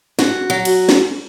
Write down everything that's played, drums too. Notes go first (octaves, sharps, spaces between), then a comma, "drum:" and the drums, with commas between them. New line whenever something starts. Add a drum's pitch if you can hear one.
F#4, drum: snare
F#3
drum: cymbal
drum: snare